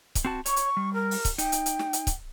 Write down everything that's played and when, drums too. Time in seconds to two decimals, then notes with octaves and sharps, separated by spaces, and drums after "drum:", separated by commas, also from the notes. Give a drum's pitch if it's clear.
0.15 drum: kick C#1, hi-hat
0.25 C4 F#4 A5
0.46 C#5 C#6, drum: hi-hat
0.56 drum: hi-hat
0.77 G3
0.93 A#4
1.11 drum: open hi-hat
1.25 drum: kick C#1, hi-hat
1.38 D#4 G5, drum: hi-hat
1.52 drum: hi-hat
1.66 drum: hi-hat
1.79 drum: snare
1.93 drum: hi-hat
2.07 drum: kick C#1, hi-hat